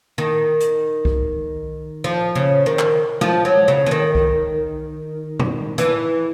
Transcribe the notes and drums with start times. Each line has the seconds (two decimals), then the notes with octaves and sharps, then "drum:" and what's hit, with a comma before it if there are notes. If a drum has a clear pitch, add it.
0.18 D#3
0.61 drum: hi-hat
1.05 drum: kick C2
2.04 F3
2.35 C#3
2.66 D#3
2.79 drum: clap
3.21 F3, drum: tom G#3
3.45 F#3
3.68 C#3
3.86 E3
3.91 D#3
4.15 drum: kick C2
5.40 drum: tom A#2
5.78 E3, drum: hi-hat